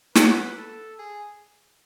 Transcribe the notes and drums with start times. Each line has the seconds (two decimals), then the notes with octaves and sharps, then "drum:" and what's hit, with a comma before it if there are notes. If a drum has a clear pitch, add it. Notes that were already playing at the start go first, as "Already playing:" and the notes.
0.15 F#4 B4, drum: snare
0.57 A4
0.99 G#4